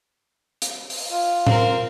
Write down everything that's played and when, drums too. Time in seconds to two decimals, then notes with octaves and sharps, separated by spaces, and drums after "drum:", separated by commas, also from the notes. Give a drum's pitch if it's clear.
0.62 drum: hi-hat
0.90 drum: open hi-hat
1.12 F4
1.46 C4 A#4, drum: tom A2